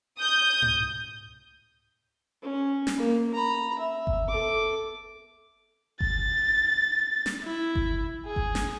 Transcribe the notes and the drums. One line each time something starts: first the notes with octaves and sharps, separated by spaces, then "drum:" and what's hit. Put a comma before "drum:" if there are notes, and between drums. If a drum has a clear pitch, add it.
D#6 G6
drum: tom G#2
C#4
drum: snare
A#3
A#5 B5
E5
drum: kick G1
A4 D6
A6, drum: kick G1
drum: snare
E4
drum: kick G1
G#4
drum: kick G1
drum: snare